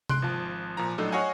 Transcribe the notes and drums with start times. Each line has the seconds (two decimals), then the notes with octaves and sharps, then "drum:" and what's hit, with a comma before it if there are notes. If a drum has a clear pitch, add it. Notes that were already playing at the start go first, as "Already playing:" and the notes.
0.09 C6 F#6 D7, drum: tom C3
0.22 G#1 F3 F4 A5
0.77 A#2 F3 A#5
0.98 A2 F#3 A3 D4 D#4 A4
1.12 F#4 C#5 D#5 F5 F#5 G#5